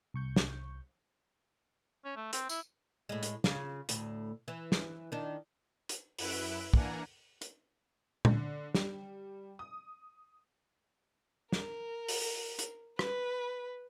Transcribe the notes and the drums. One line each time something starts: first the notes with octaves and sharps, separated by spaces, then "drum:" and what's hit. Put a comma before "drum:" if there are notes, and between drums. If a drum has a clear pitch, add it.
C2 C#6 G6
drum: snare
C#4
A3
C4, drum: hi-hat
E4, drum: tambourine
A2 G#3
drum: hi-hat
C#3 F4, drum: snare
D2 A2, drum: hi-hat
E3
drum: snare
D#3 D4
drum: hi-hat
F#2 E4 B4 E5 F#6 D7, drum: open hi-hat
E3 A#3 D4 F#5 G#5 A#5, drum: kick
drum: hi-hat
D3, drum: tom A#2
G3, drum: snare
D#6
A#4, drum: snare
drum: open hi-hat
drum: hi-hat
B4, drum: rim click